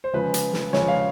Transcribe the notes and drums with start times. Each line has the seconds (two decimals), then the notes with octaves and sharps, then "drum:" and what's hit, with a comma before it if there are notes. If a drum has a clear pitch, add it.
0.04 C5
0.13 C#3 F3 G#3 B4
0.34 drum: hi-hat
0.53 drum: snare
0.73 C#3 F3 G#3 C#5, drum: snare
0.88 F5